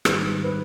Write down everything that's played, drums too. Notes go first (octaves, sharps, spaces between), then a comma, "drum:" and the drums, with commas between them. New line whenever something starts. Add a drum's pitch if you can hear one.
G#2 D#3 G3 B4, drum: rim click
B4